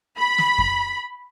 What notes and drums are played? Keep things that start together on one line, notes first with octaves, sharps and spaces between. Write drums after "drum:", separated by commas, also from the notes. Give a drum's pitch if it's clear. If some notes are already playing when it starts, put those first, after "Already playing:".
B5
drum: snare
drum: kick F2